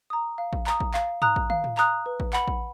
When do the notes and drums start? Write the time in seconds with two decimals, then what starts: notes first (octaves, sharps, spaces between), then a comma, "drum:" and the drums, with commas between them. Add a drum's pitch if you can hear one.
0.10 A#5 D#6
0.38 F5
0.53 drum: kick A1
0.67 A#5 D#6, drum: clap
0.80 drum: kick A1
0.94 F5, drum: clap
1.22 A#5 D#6 F#6, drum: tom G#2
1.36 drum: kick A1
1.50 F5, drum: tom
1.64 drum: tom A2
1.77 A#5 D#6 F#6, drum: clap
2.06 B4
2.20 drum: kick A1
2.33 F#5 B5, drum: clap
2.48 drum: kick A1